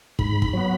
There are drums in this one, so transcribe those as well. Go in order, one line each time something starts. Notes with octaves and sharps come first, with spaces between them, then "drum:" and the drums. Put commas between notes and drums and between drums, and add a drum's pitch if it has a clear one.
G#2 B5, drum: kick
drum: kick
F#3 B3 B5